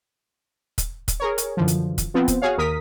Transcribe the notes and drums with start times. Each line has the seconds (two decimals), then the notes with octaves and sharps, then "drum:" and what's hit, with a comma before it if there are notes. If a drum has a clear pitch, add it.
0.78 drum: kick, hi-hat
1.08 drum: kick, hi-hat
1.20 G#4 A#4 C#5
1.38 drum: hi-hat
1.57 F#2 D3 E3 F3
1.68 drum: hi-hat
1.98 drum: kick, hi-hat
2.14 F3 B3 C4
2.28 drum: kick, hi-hat
2.42 F#4 G#4 C#5 F5
2.58 D#2 A#4 D#6 B6